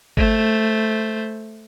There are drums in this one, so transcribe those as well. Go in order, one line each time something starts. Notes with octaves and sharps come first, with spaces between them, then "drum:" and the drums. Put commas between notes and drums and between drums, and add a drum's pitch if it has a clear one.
A3 C5, drum: kick G1